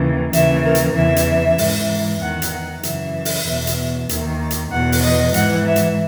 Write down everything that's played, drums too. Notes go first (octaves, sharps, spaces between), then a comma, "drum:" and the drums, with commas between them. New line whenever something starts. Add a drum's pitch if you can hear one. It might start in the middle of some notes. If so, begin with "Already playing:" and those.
Already playing: D#2 C#3 E3
D#2 C#3 E3 E5, drum: hi-hat
A#4
drum: hi-hat
E2 C#3 E3 E5
drum: hi-hat
G#2 E3, drum: open hi-hat
E2 D#3 F#5
drum: hi-hat
F#5
F#2 C#3 E3 E5, drum: hi-hat
drum: open hi-hat
E2 B2
drum: hi-hat
D#2 D#3, drum: hi-hat
drum: hi-hat
E2 B2 F#5
drum: open hi-hat
D#5
G#2 E3 F#5, drum: hi-hat
E5
drum: hi-hat